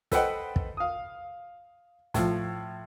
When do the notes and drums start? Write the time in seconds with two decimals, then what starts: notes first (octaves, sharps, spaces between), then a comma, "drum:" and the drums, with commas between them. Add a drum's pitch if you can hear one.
0.12 A4 B4 C5 D#5 F#5 G5, drum: snare
0.56 drum: kick
0.77 F5 D#6
2.14 A2 F3, drum: snare